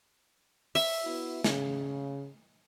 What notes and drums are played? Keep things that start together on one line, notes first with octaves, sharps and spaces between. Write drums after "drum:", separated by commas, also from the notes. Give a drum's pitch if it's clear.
E5, drum: open hi-hat
B3 E4 F#4
C#3, drum: snare